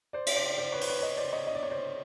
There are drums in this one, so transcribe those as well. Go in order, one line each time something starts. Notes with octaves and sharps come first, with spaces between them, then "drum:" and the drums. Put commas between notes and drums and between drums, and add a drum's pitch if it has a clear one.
C5 D5
drum: cymbal
C5 D5
C5 D5
B4 C#5
C5, drum: open hi-hat
B4 C#5
C#5 D#5
C5 D5
C#5 D#5
D#5
D5
C#5
C5 D5